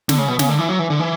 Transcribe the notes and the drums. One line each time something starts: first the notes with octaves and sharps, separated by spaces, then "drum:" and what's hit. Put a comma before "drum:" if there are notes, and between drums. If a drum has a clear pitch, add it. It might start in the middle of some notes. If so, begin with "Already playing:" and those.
D3, drum: snare
C#3
B2
C#3, drum: snare
D3
E3
F#3
E3
D3
E3